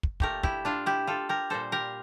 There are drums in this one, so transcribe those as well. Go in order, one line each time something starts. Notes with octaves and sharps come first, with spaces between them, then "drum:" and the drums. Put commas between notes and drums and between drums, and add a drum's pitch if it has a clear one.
drum: kick
A#2 A3 G4 A#4, drum: kick
E4 G4, drum: kick
D4 F4
E4 G4
F4 A4
G4 A#4
A#2 G3 A4 C5
G4 A#4